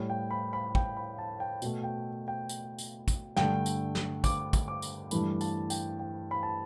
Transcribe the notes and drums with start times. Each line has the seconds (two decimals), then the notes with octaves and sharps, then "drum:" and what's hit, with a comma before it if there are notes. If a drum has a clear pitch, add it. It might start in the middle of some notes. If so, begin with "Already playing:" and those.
Already playing: A2 G3
0.10 G5
0.31 B5
0.53 B5
0.75 G5, drum: kick
0.97 B5
1.18 A5
1.40 G5
1.62 B2 A3, drum: tambourine
1.84 G5
2.28 G5
2.49 drum: tambourine
2.78 drum: tambourine
3.08 drum: kick, tambourine
3.36 G2 D3 A3 G5, drum: snare
3.66 drum: tambourine
3.95 drum: snare
4.24 D6, drum: kick, tambourine
4.53 drum: kick, tambourine
4.68 D6
4.82 drum: tambourine
5.11 G2 E3 A3 B5, drum: tambourine
5.41 A5, drum: tambourine
5.70 G5, drum: tambourine
5.99 G5
6.31 B5
6.43 A5